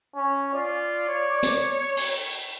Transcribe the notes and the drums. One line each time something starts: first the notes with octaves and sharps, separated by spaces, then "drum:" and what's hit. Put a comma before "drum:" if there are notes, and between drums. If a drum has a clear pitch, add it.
C#4
F4 D5
C#5
drum: hi-hat
drum: open hi-hat